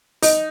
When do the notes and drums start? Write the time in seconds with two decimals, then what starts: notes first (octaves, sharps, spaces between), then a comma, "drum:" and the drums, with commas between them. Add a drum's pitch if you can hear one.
0.22 D#4, drum: open hi-hat